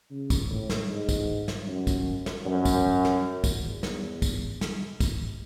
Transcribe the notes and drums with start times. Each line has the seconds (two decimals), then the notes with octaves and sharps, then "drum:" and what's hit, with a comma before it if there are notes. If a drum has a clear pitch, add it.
0.10 C#3
0.30 drum: kick, tambourine
0.50 A2
0.70 drum: snare
0.89 G#2
1.09 drum: kick, tambourine
1.48 drum: snare
1.67 F#2
1.87 drum: kick, tambourine
2.26 drum: snare
2.45 F#2
2.65 drum: kick, tambourine
3.05 drum: snare
3.44 drum: kick, tambourine
3.64 E2
3.83 drum: snare
4.22 drum: kick, tambourine
4.61 drum: snare
5.00 drum: kick, tambourine